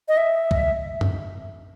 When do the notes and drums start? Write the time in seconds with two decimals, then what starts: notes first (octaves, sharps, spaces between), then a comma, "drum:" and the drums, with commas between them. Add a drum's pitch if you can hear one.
0.08 D#5
0.17 E5
0.51 drum: kick
1.01 drum: tom F#2